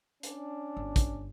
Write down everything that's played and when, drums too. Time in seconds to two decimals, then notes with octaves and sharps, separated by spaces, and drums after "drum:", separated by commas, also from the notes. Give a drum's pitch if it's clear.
0.23 C#4 D4, drum: hi-hat
0.77 G1
0.96 drum: kick, hi-hat